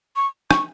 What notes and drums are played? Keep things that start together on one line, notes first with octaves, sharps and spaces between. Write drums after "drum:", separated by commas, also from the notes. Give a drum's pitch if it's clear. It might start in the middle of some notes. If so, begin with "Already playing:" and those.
C#6
C#6, drum: rim click